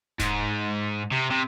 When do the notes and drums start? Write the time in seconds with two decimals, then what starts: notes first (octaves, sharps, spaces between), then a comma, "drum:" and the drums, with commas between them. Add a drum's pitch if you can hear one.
0.20 G#2, drum: snare D#1
1.11 C3
1.30 C3